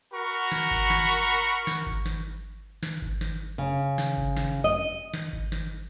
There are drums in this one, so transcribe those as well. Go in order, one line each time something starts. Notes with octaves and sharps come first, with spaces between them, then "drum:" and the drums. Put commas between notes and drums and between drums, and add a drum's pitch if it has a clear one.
F#4 A#4 B5 C#6
drum: snare
drum: kick G#1
drum: snare
drum: snare
drum: kick G#1
drum: snare
drum: snare
drum: kick G#1
drum: snare
C#3
drum: snare
drum: kick G#1
drum: snare
D#5
drum: snare
drum: kick G#1
drum: snare